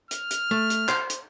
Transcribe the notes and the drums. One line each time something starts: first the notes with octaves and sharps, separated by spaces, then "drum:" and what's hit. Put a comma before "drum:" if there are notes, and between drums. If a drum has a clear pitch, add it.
F6, drum: hi-hat
drum: hi-hat
A3
drum: hi-hat
C5, drum: clap
drum: hi-hat